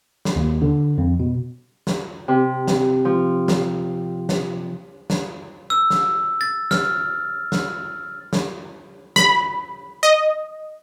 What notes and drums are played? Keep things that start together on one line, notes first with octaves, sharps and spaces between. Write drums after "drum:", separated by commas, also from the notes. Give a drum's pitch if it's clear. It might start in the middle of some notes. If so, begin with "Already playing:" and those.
drum: snare
D#2
D3
F2
B2
drum: snare
C3
drum: snare
F3
drum: snare
drum: snare
drum: snare
E6
drum: snare
A6
F6, drum: snare
drum: snare
drum: snare
B5, drum: snare
D#5